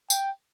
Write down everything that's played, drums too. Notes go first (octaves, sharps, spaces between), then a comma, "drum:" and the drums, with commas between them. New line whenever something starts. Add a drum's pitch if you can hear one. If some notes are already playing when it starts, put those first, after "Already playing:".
G5, drum: tambourine